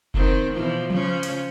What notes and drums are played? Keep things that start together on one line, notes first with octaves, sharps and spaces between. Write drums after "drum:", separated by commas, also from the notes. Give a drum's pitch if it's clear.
D#3 C4, drum: kick F1
B2 E3 F3
C#3 F3 C#4, drum: tom F3
drum: hi-hat